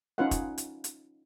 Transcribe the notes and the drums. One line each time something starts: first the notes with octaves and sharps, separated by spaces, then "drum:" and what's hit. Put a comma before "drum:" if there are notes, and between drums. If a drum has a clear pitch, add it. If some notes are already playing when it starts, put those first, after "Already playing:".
C#4 D#4 F4 B4 F5 F#5
drum: kick, hi-hat
drum: hi-hat
drum: hi-hat